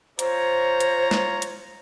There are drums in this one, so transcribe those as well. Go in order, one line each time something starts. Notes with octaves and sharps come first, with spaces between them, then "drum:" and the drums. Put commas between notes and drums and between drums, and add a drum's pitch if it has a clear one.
F4 C5 C#5 A#5, drum: hi-hat
drum: hi-hat
drum: snare
drum: hi-hat